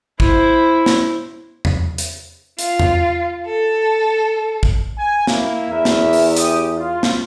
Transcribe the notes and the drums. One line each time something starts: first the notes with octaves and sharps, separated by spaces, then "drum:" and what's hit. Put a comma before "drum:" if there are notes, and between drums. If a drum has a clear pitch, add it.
E4 C5, drum: kick
drum: snare
drum: tom E2
drum: hi-hat
F4, drum: hi-hat
drum: tom E2
A4
drum: kick
G#5
A#3 E4, drum: snare
E2 A#4 B4 E5
drum: snare
drum: open hi-hat
G4 D#6, drum: hi-hat
F4
drum: snare